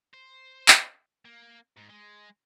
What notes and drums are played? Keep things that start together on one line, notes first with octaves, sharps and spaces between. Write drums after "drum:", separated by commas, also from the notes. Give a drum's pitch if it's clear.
C5
drum: clap
A#3
G#2
G#3